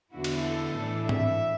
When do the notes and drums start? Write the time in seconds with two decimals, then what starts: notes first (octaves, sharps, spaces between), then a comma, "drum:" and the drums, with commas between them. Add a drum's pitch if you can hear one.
0.12 E2 D3 B3 E4 F#4
0.24 drum: cymbal
0.44 A4
0.77 A2 E3 D4
1.09 E5, drum: tom G#2